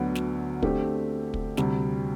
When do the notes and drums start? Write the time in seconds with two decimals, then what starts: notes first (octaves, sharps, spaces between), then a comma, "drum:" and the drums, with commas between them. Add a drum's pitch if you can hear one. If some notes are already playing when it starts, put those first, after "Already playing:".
Already playing: D2 D3 F#3 B3
0.15 drum: snare
0.62 D3 A3 C4 G4, drum: kick
1.34 drum: kick
1.57 D2 C3 G3, drum: snare